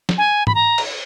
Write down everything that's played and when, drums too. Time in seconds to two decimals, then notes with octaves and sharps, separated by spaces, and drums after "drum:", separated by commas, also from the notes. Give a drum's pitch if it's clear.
0.09 drum: snare
0.18 G#5
0.47 B5, drum: tom
0.55 A#5
0.78 drum: cymbal